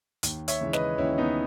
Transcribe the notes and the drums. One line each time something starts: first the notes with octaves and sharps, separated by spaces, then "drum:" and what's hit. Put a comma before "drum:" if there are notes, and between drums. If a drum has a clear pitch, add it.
D#2, drum: hi-hat
C#5 E5, drum: hi-hat
C#3 E3 G#3
B4 D#5, drum: snare
D#2 C#4 E4
B3 D#4